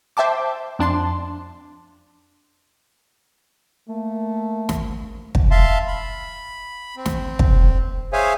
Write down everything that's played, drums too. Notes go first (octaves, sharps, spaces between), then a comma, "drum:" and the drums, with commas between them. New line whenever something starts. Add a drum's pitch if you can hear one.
C5 E5 G5 A5 D6
F2 D4 A5 C6
A3 A#3
drum: snare
drum: kick
E5 F5 A5 C6
B5
C4
drum: snare
drum: kick
G#4 C5 C#5 E5 F5 G#5